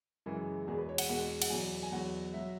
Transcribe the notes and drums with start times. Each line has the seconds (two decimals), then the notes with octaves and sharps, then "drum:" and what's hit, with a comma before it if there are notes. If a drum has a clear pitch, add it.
0.26 F#2 C#3 E3 G#3
0.67 E2 B2 G#3 G#4
0.78 B4
0.89 C#5
0.98 F#5, drum: cymbal
1.09 E2 B2 G#3 F#5
1.42 F#5, drum: cymbal
1.50 E2 B2 F#3 G#5
1.83 G#5
1.92 E2 B2 F#3 F#5
2.34 F#3 E5